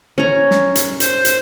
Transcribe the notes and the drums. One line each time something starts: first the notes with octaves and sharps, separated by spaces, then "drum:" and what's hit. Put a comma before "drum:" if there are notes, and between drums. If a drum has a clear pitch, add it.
C#4 A#5
drum: snare
drum: hi-hat
C5, drum: hi-hat
drum: hi-hat